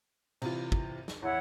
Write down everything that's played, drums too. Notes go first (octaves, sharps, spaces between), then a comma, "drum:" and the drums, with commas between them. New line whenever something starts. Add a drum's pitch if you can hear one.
C3 E3 F4, drum: cymbal
drum: kick
drum: snare
E2 E4 C#5 F#5